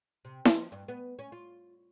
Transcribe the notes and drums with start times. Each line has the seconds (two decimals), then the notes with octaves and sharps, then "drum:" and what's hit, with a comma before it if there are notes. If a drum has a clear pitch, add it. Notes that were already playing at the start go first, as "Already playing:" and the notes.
0.25 C3
0.45 F3, drum: snare E4
0.72 G2
0.88 B3
1.19 C#4
1.32 F4